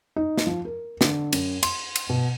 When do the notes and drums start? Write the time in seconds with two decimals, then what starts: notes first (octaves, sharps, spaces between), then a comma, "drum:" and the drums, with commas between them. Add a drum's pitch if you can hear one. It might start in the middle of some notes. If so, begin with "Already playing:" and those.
0.16 D#4
0.38 drum: snare
0.47 F3
0.65 A#4
1.01 D3, drum: snare
1.33 F#2, drum: cymbal
1.63 C6, drum: cymbal
1.96 drum: cymbal
2.10 B2